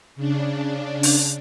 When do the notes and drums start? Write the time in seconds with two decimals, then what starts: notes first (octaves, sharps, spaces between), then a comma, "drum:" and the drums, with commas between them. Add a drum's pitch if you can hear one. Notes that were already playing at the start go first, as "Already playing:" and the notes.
0.16 C#3 D4
1.03 drum: open hi-hat